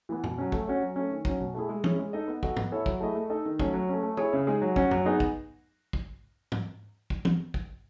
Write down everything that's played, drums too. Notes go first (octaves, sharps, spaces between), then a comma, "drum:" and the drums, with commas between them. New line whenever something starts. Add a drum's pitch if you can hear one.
E3 B3
B2, drum: tom F#2
F#3 C#4
A3, drum: kick
C#4 F#4 C#5
F#3
A3 C#4
D#3
F#3 C#4, drum: kick
B2
A3 E4 G#4
G#3
C#4 E4 G#4, drum: tom
G#3
D#4 A4 D#5
B3
F#4 A4 D#5, drum: kick
B3, drum: tom
E4 A4 C#5 E5
F#3, drum: kick
A3 E4 G#4 D#5
A3
D#4 A4 D#5
D#3
F#3 A3 C#4, drum: kick
F#3
A3 C#4
A3
E4 G#4 C#5, drum: tom
C#3
G#3 D#4 G#4
F#3
C#4 F#4, drum: kick
F#3, drum: tom F#2
B3 D#4 G#4
drum: kick
drum: kick
drum: tom
drum: kick
drum: tom
drum: kick